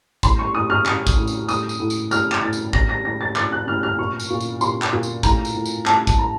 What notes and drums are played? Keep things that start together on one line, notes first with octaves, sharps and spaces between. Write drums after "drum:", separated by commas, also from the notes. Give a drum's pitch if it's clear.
A2 C6, drum: kick, tambourine
C#6
A2 D#6
F6
A2 D#6, drum: clap
drum: kick, tambourine
A2
drum: tambourine
A2 D#6, drum: tambourine
drum: tambourine
A2
drum: tambourine
A2 F6, drum: tambourine
drum: clap
A2 A6
drum: tambourine
A2 A#6, drum: kick
A#6
A2 A#6
A6
A2 A6, drum: clap
F#6
A2 F6
F6
A#2 C#6
drum: tambourine
A#2
drum: tambourine
A#2 C6, drum: tambourine
drum: clap
A#2
drum: tambourine
A2 A#5, drum: kick, tambourine
drum: tambourine
A2
drum: tambourine
A2 A5, drum: clap
drum: kick, tambourine
A2 A#5